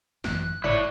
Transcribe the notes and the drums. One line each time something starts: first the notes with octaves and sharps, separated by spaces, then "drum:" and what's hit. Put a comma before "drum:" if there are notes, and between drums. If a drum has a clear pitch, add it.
G#1 F#2 E3 F#6, drum: snare
G#1 E4 C#5 D5, drum: tom